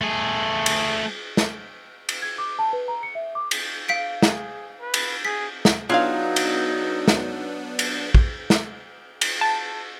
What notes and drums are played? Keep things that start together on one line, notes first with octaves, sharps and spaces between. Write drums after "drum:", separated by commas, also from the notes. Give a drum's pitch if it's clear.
A3 G#4
drum: cymbal
drum: snare
drum: cymbal
G#6
D6
A5
B4
A#5
C#7
E5
D6
drum: cymbal
F5 B6 D7
G#4, drum: snare
B4
drum: cymbal
G#4 B6
drum: snare
F#3 B3 D4 D#4 F4 G#4 F5
drum: cymbal
drum: snare
drum: cymbal
drum: kick
drum: snare
drum: cymbal
A5